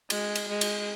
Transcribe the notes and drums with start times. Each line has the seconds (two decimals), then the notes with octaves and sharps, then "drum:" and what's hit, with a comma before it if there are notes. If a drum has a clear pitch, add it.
0.10 G#3, drum: cymbal
0.35 drum: cymbal
0.49 G#3
0.61 drum: cymbal